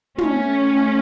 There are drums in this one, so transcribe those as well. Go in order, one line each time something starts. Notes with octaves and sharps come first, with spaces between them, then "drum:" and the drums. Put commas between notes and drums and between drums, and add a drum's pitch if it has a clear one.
A3 C#4, drum: tom